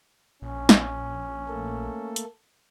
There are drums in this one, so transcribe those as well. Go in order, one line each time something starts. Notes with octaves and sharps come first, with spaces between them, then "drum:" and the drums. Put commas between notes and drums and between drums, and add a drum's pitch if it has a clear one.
A#1 C#4
drum: snare
A3 A#3 A4
drum: hi-hat